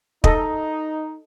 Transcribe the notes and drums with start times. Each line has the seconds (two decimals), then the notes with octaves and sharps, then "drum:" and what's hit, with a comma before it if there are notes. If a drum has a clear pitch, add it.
0.24 D#4 A4 D#5, drum: kick